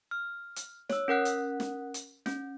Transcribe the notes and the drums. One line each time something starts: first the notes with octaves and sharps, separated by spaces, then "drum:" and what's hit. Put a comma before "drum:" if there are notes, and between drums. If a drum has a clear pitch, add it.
F6
drum: hi-hat
C#5 E6, drum: snare
C#4 A#4 F#5 F#6
drum: hi-hat
drum: snare
drum: hi-hat
C#4, drum: snare